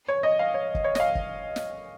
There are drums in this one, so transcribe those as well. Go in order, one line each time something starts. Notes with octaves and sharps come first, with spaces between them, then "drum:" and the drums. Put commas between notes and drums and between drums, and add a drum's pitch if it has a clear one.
C#5
D#5
F5
C#5
drum: kick
C#5
D#5, drum: snare
F5
drum: kick
drum: snare